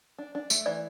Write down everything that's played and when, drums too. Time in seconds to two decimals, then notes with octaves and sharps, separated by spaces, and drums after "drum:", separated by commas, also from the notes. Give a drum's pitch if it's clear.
0.18 D4
0.35 D4
0.50 A3, drum: tambourine
0.66 E3 D5